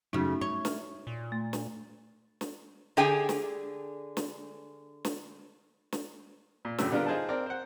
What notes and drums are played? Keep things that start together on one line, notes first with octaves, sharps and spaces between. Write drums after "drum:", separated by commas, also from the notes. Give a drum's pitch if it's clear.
F#2 C#3 A3 D#4 F#4
C#5
F6, drum: snare
A#2
A3
drum: snare
drum: snare
D3 G4 G#4 G5 G#5
drum: snare
drum: snare
drum: snare
drum: snare
A#2
F#2 A2 C#3 F#3 E6, drum: snare
D3 G3 B3 D4 F4 A#4
D#4 F4 G#4 C5 A5
C4 A#4 D5
C5 F#5